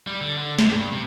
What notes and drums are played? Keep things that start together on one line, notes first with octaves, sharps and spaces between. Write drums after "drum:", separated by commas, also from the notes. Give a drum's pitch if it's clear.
G3
D3
D3
C3, drum: snare
G2
C3